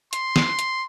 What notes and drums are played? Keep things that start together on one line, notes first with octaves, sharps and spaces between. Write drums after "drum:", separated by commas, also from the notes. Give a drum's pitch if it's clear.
C6, drum: hi-hat
drum: snare
drum: hi-hat